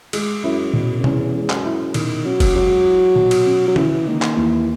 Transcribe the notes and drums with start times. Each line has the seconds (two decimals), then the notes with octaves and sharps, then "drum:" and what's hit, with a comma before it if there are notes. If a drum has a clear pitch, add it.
0.13 G#3, drum: cymbal
0.44 F#2 E4
0.73 F#2 B2
0.99 F#2
1.04 E2 C#4, drum: tom B2
1.35 G#3
1.50 F#2, drum: clap
1.64 E4
1.94 B2 D#3, drum: cymbal
2.25 F#3 C#4
2.40 drum: kick F#1, cymbal
2.56 F#3 G#3
2.86 E4
3.15 B2
3.31 drum: cymbal
3.46 C#4
3.68 F#3
3.76 C#3 E3, drum: tom D3
4.07 D#3 A#3
4.22 drum: clap
4.36 D#2 E3